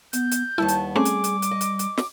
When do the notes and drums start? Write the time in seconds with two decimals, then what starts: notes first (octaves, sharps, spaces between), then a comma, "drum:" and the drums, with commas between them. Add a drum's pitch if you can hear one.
0.13 B3 G6, drum: hi-hat
0.31 drum: hi-hat
0.58 D#2 G3 B3 E4 A5
0.68 drum: hi-hat
0.96 A3 C4 C#4 G#4 D6
1.05 drum: hi-hat
1.24 drum: hi-hat
1.42 drum: hi-hat
1.51 D#5
1.61 drum: hi-hat
1.79 drum: hi-hat
1.98 drum: snare